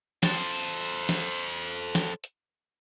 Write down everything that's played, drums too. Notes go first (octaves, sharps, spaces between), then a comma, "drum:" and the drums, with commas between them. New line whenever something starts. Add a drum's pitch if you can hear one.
A4 C5, drum: snare
drum: snare
drum: snare
drum: hi-hat